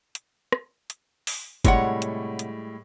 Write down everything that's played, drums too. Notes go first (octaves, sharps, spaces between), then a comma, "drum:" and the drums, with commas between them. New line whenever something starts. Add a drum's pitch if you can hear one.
drum: hi-hat
drum: rim click
drum: hi-hat
drum: open hi-hat
A2 C3 G3 G#3 C#5 F#5, drum: kick, hi-hat
drum: hi-hat
drum: hi-hat